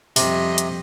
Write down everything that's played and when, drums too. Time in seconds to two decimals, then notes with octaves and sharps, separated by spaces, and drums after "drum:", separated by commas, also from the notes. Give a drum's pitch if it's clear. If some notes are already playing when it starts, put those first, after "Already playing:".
0.16 F2 C3 G3 D#5, drum: open hi-hat
0.58 drum: hi-hat